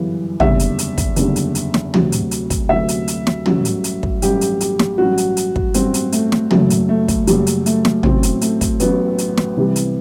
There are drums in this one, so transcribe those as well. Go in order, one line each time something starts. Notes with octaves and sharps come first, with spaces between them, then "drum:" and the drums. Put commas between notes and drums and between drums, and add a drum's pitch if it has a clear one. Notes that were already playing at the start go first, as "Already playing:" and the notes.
Already playing: G1 F#2 E3 G3
F#1 E2 D3 G3 E5, drum: tom
drum: hi-hat
drum: hi-hat
drum: kick, hi-hat
F#1 E2 D3 G3, drum: hi-hat
drum: hi-hat
drum: hi-hat
drum: snare
D2 C3 F#3, drum: tom
drum: hi-hat
drum: hi-hat
drum: kick, hi-hat
D2 C3 F#3 E5
drum: hi-hat
drum: hi-hat
drum: snare
A1 G2 F#3, drum: tom
drum: hi-hat
drum: hi-hat
drum: kick
A1 G2 F#3 G4, drum: hi-hat
drum: hi-hat
G4, drum: hi-hat
drum: snare
A1 G2 F#3 F#4
drum: hi-hat
drum: hi-hat
drum: kick
A1 G2 F#3 C4, drum: hi-hat
drum: hi-hat
A3, drum: hi-hat
drum: snare
F#1 F#2 F#3 A3, drum: tom
drum: hi-hat
A3
drum: kick, hi-hat
F#1 F#2 F#3 G3, drum: hi-hat
drum: hi-hat
A3, drum: hi-hat
drum: snare
A1 A2 F#3 C4, drum: tom
drum: hi-hat
A3, drum: hi-hat
drum: kick, hi-hat
A1 A2 F#3 B3, drum: hi-hat
drum: hi-hat
drum: snare
C2 C3 E3 G3
drum: hi-hat